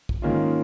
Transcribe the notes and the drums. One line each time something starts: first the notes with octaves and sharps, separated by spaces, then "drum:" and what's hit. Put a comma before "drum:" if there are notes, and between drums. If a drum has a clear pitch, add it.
drum: kick
G#2 D#3 A#3 C#4 F4